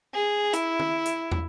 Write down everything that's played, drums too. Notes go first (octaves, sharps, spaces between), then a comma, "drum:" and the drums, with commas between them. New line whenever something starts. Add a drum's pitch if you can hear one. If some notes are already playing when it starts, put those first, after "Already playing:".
G#4
E4, drum: hi-hat
drum: tom
drum: hi-hat
drum: tom